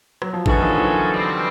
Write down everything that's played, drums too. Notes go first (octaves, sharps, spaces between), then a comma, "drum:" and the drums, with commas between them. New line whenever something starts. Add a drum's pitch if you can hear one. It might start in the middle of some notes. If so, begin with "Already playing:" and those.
F#3, drum: rim click
F3
B2 D3 E3 G#3 C#4 F#4 A4, drum: kick G#1
D#3 F3
E3 F#3
B2 G3 C4